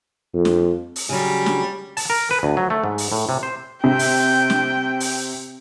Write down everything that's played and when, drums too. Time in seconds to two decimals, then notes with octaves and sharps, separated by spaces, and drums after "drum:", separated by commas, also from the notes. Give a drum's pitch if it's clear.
0.34 F2
0.45 drum: snare
0.96 drum: open hi-hat
1.09 C#3 F#3 G3
1.46 drum: snare
1.97 A5, drum: open hi-hat
2.10 A#4
2.31 B4
2.43 D2
2.57 F#3
2.70 A3
2.84 G#2
2.98 drum: open hi-hat
3.12 A2
3.29 C3
3.43 C5
3.84 C3 G5
3.99 drum: open hi-hat
4.50 drum: snare
5.00 drum: open hi-hat